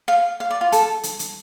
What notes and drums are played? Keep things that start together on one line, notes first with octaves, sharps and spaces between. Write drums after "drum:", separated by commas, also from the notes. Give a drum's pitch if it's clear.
F5
F5
D5
F4
A4, drum: hi-hat
drum: hi-hat
drum: hi-hat